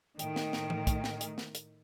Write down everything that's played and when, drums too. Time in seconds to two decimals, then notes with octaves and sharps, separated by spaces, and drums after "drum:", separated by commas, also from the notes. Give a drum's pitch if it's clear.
0.19 A2 D#3 G5, drum: hi-hat
0.36 drum: snare
0.53 drum: snare
0.70 drum: tom
0.87 drum: kick, hi-hat
1.04 drum: snare
1.21 drum: hi-hat
1.38 drum: snare
1.55 drum: hi-hat